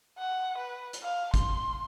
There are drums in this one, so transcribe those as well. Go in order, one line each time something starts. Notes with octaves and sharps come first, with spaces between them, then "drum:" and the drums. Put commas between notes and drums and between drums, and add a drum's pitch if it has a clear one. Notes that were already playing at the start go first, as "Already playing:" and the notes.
F#5
B4
drum: hi-hat
F5
C6, drum: kick, hi-hat